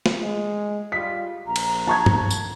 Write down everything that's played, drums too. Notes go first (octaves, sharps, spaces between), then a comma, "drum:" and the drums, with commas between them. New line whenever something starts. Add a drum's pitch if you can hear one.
drum: snare
G#3
G3 F4 B6
A#1 A#5
drum: cymbal
A5 C#6 G#6
drum: tom G2
drum: tambourine